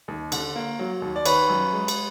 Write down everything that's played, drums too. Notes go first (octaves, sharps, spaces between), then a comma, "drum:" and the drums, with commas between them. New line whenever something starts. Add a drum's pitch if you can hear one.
D#2
D3, drum: cymbal
A#3
F#3
D#2
D5
D#3 B4 C#5, drum: cymbal
F#2
G#3
drum: cymbal